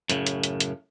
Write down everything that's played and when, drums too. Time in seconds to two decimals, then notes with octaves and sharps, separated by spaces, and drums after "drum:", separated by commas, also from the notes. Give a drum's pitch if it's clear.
0.10 F#2 A2 C#3, drum: hi-hat
0.27 drum: hi-hat
0.43 drum: hi-hat
0.60 drum: hi-hat